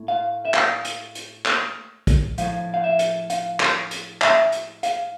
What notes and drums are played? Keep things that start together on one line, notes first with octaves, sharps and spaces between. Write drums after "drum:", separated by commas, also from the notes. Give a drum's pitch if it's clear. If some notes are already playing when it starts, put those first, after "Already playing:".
Already playing: A2
F5
E5
F5, drum: clap
drum: hi-hat
drum: hi-hat
drum: clap
drum: kick, hi-hat
A2 F3 F5, drum: hi-hat
F5
E5
drum: hi-hat
F5, drum: hi-hat
drum: clap
drum: hi-hat
E5, drum: clap
drum: hi-hat
F5, drum: hi-hat